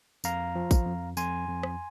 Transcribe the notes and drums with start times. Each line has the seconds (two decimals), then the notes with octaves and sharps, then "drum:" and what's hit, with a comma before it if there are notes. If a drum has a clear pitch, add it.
0.24 F2 F5 A#5, drum: tambourine
0.55 F3
0.71 drum: kick A1, tambourine
0.86 F2
1.17 F2 G#5 C6, drum: tambourine
1.48 F2
1.63 drum: rim click